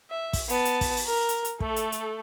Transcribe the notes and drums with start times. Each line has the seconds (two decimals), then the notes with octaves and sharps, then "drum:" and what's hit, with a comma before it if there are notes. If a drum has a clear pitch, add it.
0.10 E5
0.33 drum: kick, open hi-hat
0.49 B3 A5, drum: hi-hat
0.65 drum: hi-hat
0.81 drum: kick, open hi-hat
0.97 drum: open hi-hat
1.07 A#4
1.29 drum: hi-hat
1.45 drum: hi-hat
1.60 A3 A4, drum: kick
1.76 drum: hi-hat
1.92 drum: hi-hat